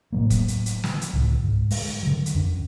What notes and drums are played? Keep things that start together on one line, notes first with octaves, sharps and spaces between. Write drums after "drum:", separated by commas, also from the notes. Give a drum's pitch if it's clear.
A2 F#3 A#3
drum: kick, hi-hat
drum: hi-hat
drum: hi-hat
drum: snare
drum: hi-hat
C#2 A2 D3
G#2
G#3, drum: open hi-hat
D3 D#3 F#3
drum: hi-hat
F2 C#4 D4